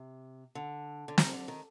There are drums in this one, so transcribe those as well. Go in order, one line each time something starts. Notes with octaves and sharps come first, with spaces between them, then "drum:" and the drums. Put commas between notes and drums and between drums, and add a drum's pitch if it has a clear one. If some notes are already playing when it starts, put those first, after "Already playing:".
Already playing: C3
D3
D3
D#3, drum: snare
D3
D#3